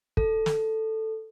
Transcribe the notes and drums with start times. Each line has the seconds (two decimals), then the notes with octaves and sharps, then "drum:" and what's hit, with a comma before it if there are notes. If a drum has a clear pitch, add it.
0.17 A4, drum: kick
0.46 drum: snare